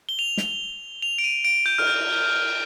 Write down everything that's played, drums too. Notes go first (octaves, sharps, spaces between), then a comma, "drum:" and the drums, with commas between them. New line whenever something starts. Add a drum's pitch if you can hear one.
G7
F7
drum: snare
F7
D7
D#7
D7
G6
F6, drum: cymbal
G6